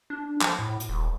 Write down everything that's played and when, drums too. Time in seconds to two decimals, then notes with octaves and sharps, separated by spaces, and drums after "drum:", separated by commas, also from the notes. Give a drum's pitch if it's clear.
0.10 D4
0.41 F3, drum: clap
0.59 A2
0.80 drum: hi-hat
0.89 D#1